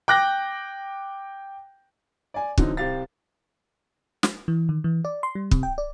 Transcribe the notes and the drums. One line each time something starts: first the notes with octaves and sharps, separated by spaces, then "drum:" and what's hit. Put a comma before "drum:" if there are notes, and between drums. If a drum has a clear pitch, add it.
G5 D6 F#6 G6 A#6
D5 G#5
D3 E3 F#3 C4 D#4, drum: kick
C2 G4 C5 F5 A6
drum: snare
E3
D#3
E3
D5
C6
G3
C3, drum: kick
G5
D5